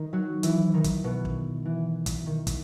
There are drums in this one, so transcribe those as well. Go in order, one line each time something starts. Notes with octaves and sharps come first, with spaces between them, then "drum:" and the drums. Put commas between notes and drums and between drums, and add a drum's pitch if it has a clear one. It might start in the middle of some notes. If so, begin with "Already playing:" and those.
Already playing: D#3 D#4
F#3 F#4
E3 E4, drum: hi-hat
D#3 D#4
drum: kick, hi-hat
B2 B3
drum: kick
E3
drum: kick, hi-hat
D#3
drum: kick, hi-hat